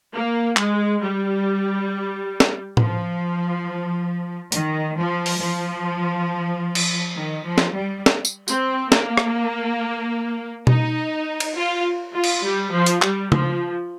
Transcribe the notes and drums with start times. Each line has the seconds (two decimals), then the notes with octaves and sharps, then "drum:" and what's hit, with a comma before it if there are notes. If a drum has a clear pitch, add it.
0.13 A#3
0.57 G#3, drum: clap
1.01 G3
2.40 drum: snare
2.77 F3, drum: tom A2
4.52 D#3, drum: hi-hat
4.96 F3
5.26 drum: open hi-hat
5.40 F3
6.75 drum: cymbal
7.16 D#3
7.46 F3
7.58 drum: snare
7.74 G3
8.06 drum: snare
8.25 drum: tambourine
8.48 C4, drum: tambourine
8.92 A#3, drum: snare
9.17 drum: rim click
10.67 D#4, drum: tom B2
11.40 drum: cymbal
11.56 F4
12.15 F4
12.24 drum: cymbal
12.44 G3
12.72 F3
12.86 drum: hi-hat
13.02 G3, drum: clap
13.32 F3, drum: tom C#3